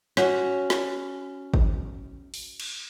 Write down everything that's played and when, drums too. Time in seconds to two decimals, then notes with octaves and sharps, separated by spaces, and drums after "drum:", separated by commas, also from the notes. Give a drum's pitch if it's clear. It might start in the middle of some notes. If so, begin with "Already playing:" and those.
0.17 C#4 F#4, drum: snare
0.70 drum: snare
1.54 drum: kick
2.34 drum: open hi-hat
2.60 drum: cymbal